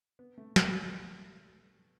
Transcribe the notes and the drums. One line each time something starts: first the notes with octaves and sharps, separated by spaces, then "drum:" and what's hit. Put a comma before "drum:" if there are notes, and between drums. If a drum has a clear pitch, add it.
B3
A3
A3, drum: snare